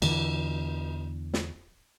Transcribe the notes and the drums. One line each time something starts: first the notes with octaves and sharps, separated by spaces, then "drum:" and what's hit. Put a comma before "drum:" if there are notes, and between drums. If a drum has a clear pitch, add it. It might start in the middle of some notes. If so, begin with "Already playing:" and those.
E2 D3 E3, drum: cymbal
drum: snare